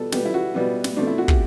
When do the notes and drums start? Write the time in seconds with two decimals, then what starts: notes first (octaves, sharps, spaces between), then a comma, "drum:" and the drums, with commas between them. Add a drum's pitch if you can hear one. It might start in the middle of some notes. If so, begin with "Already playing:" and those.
Already playing: B2 G3 B3 A4
0.12 B2 G3 B3 G4, drum: snare
0.25 E4
0.34 F#4
0.54 B2 G3 B3
0.84 drum: snare
0.96 B2 A3 C4 D4
1.07 E4
1.18 F#4
1.28 G4, drum: kick